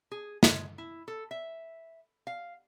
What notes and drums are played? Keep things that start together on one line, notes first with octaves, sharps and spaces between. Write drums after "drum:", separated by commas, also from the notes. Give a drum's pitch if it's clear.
G#4
G#3, drum: snare
E4
A4
E5
F5